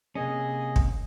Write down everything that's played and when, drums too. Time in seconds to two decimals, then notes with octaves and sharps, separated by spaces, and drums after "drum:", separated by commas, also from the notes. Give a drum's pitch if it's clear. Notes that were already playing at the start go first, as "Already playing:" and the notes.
0.15 C3 A#3 C#4 G#4 D#5
0.76 drum: kick